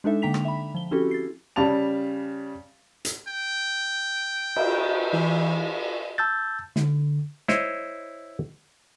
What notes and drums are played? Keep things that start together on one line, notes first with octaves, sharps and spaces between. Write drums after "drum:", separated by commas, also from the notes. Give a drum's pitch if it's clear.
G#3 D4 D#4 A4 E5
D3 A#3 G5 A#5 B6 F7
drum: rim click
E5 B5
F3 G7
C4 C#4 E4 F#4 G4 A4
A6 C7
C#3 G3 D5 A5 F7
drum: hi-hat
G5
drum: cymbal
E3
A5 E6 G6 A6
D3, drum: snare
E4 C5 C#5 D#5, drum: snare